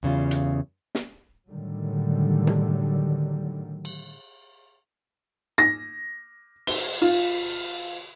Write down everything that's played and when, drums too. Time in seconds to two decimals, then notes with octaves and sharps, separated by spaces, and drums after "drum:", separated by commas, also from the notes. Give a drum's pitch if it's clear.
0.03 E2 C#3 G3 F4
0.31 drum: hi-hat
0.95 drum: snare
1.50 A2 D3 D#3 F#3 G3
2.47 drum: tom C3
3.85 drum: cymbal
5.58 A#6
6.67 G7, drum: cymbal
7.01 F4